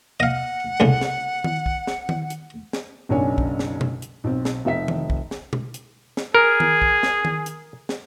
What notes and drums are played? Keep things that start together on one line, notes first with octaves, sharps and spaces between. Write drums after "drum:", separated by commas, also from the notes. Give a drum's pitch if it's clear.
D#5 F5 F#5
C2 A2 C#3
drum: snare
drum: tom D#3
drum: kick
drum: snare
drum: tom D#3
drum: hi-hat
drum: snare
F#1 B1 C#3 D4 C#5 G#5
drum: kick
drum: snare
drum: tom B2
drum: hi-hat
B1 C4
drum: snare
F1 D#4 E5 B6
drum: tom D#3
drum: kick
drum: snare
drum: tom B2
drum: hi-hat
drum: snare
G#4 A#4
drum: tom D#3
drum: kick
drum: snare
drum: tom D#3
drum: hi-hat
drum: snare